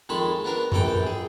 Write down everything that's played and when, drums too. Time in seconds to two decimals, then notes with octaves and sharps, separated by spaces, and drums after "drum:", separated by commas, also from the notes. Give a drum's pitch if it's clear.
0.09 F2 D#3 G#3 A5 B5
0.44 B3 D4 A#4
0.72 A#1 F#2 E3 A4 D5 G5, drum: tom F2
1.07 G#4